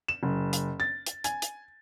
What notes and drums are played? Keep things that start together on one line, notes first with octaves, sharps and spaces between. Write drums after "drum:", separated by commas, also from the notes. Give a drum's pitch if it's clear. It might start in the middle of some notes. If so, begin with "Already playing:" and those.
E7
F#1
drum: hi-hat
A6
drum: hi-hat
G#5, drum: hi-hat
drum: hi-hat